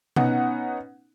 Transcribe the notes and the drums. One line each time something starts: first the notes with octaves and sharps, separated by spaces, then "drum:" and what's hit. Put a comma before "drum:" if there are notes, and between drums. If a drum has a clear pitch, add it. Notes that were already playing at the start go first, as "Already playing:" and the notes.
B3 C#4 D#4 F#5, drum: tom B2